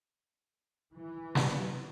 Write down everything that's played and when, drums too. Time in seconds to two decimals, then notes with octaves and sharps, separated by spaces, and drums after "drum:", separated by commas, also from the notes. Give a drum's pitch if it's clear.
0.95 E3
1.35 drum: snare